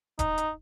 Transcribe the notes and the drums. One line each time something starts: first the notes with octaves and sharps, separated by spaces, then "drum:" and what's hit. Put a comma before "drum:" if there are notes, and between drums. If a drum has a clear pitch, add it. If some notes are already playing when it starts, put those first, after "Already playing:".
D#4, drum: kick D#1, hi-hat
drum: hi-hat